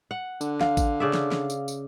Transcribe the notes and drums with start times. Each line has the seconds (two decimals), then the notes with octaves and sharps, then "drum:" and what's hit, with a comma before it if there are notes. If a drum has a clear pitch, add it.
0.11 F#5
0.41 D3, drum: tambourine
0.61 F5, drum: snare
0.77 drum: kick A1, tambourine
1.00 C#3 D5 E5
1.13 drum: snare
1.32 drum: snare
1.50 drum: tambourine
1.68 drum: tambourine